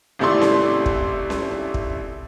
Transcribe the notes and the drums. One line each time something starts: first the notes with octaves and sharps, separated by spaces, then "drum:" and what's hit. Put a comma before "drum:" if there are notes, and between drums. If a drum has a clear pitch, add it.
G#1 C3 A3 E4 D5 C6
drum: snare C#4
drum: kick
drum: snare C#4
drum: kick